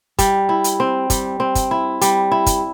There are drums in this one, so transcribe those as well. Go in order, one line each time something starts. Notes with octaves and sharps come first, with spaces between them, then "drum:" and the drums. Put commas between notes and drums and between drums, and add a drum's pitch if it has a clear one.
G3, drum: kick, hi-hat
E4
drum: hi-hat
C4
G3, drum: kick, hi-hat
C4
drum: kick, hi-hat
E4
G3, drum: hi-hat
E4
drum: kick, hi-hat